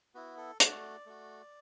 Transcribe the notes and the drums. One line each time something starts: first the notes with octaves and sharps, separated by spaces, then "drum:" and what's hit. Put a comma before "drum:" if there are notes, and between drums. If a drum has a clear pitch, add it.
B3 E4 F#4
A4
A3 F#4 D5, drum: hi-hat
A3 F#4